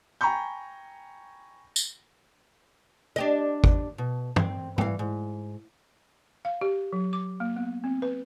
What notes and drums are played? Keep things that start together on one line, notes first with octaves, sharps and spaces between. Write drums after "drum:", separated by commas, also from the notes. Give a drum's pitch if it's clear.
G5 G#5 A#5 B5 C#6 G6
drum: tambourine
D4 G4 D#5
drum: kick
B2
C4, drum: tom G2
E3 F5, drum: tom G#2
G#2
F5
G4
F#3
D6
A#3
B3
C4
B4